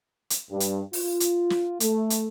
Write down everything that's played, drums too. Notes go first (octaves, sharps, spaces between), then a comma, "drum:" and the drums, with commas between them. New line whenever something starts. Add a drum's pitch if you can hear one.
drum: hi-hat
G2
drum: hi-hat
F4, drum: open hi-hat
drum: hi-hat
drum: snare
A3, drum: hi-hat
drum: hi-hat